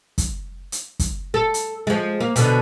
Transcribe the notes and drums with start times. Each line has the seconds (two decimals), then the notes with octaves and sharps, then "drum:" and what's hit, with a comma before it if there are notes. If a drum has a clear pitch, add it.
0.18 drum: kick F#1, hi-hat
0.72 drum: hi-hat
0.99 drum: kick F#1, hi-hat
1.34 A4
1.54 drum: hi-hat
1.87 F3 G#3
2.20 A#3
2.36 B2 D3, drum: hi-hat